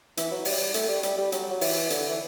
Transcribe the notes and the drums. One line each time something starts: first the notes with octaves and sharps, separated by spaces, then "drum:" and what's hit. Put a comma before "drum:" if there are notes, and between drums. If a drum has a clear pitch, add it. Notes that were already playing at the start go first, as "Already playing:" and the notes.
E3, drum: hi-hat
F#3
G3, drum: open hi-hat
A3, drum: hi-hat
G3
G3, drum: hi-hat
G3
F#3, drum: hi-hat
F#3
E3, drum: open hi-hat
D3, drum: hi-hat
E3